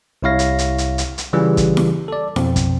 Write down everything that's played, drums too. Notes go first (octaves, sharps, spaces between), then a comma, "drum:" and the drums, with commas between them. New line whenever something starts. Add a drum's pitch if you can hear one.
C2 C3 E4 C#5 F5 A#6
drum: hi-hat
drum: hi-hat
drum: hi-hat
drum: hi-hat
drum: hi-hat
C#3 E3 G3 C#4 F4 G#4
drum: kick, hi-hat
drum: snare E4
A4 D5
F2 B2 C4, drum: snare E4
drum: kick, hi-hat